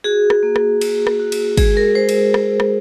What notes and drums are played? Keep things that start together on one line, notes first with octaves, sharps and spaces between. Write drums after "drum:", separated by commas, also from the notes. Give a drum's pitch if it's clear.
F#4 G#4
drum: rim click
A#3
drum: rim click
F#4, drum: cymbal
drum: rim click
F#4
drum: cymbal
G#3 G#4, drum: kick, cymbal
A#4
G#3 C5
drum: cymbal
drum: rim click
drum: rim click